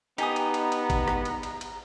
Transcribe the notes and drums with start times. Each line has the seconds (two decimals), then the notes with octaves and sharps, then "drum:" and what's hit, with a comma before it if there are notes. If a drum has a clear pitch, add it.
0.18 B3 D#4 G4 G#5 A#5 D#6, drum: cymbal
0.36 drum: cymbal
0.54 drum: cymbal
0.72 drum: cymbal
0.90 drum: kick G#1, cymbal
1.08 drum: rim click
1.25 drum: cymbal
1.43 drum: cymbal
1.61 drum: cymbal